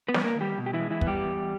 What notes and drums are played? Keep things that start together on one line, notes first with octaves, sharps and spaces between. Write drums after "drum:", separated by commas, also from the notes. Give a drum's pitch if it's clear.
B3 B4
G3, drum: snare
A#3 A#4
D#3
G3 G4
B2
G4
E3 E4
G#3
E3 E4
B3, drum: kick
G3 G4
E2